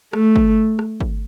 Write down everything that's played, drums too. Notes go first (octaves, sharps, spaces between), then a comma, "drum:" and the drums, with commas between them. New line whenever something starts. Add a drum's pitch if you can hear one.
A3, drum: rim click
drum: kick
drum: rim click
drum: kick